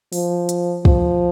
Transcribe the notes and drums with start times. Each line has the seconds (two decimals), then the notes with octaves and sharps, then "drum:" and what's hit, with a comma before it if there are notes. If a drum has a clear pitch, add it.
0.13 F3, drum: open hi-hat
0.49 drum: hi-hat
0.85 F3, drum: kick